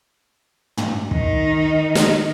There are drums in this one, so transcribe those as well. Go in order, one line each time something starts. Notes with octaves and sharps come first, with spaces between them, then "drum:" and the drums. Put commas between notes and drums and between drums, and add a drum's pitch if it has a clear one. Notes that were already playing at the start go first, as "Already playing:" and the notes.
drum: tom
D#3 D#4, drum: kick
drum: snare